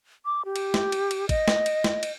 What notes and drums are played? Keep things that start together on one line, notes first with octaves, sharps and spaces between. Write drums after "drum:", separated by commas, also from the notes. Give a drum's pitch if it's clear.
D6
G4
drum: cymbal
drum: snare
drum: cymbal
drum: cymbal
D#5, drum: kick, cymbal
drum: snare
drum: cymbal
drum: snare
drum: cymbal